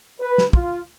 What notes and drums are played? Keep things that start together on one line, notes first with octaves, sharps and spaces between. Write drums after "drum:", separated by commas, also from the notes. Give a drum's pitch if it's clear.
B4
drum: snare
F4, drum: kick